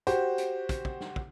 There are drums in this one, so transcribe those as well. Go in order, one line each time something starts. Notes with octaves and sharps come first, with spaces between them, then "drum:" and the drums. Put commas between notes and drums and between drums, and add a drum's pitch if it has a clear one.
F#4 G4 C5, drum: hi-hat
drum: hi-hat
drum: kick, hi-hat
drum: kick
drum: snare
drum: kick